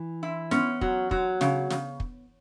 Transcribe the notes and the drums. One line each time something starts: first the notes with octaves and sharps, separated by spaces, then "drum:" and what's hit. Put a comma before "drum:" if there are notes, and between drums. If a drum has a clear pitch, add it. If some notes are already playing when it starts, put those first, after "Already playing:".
Already playing: E3
E4
B3 C#4, drum: snare
F#3, drum: kick
F#3, drum: kick
C#3, drum: snare
C#3, drum: snare
drum: kick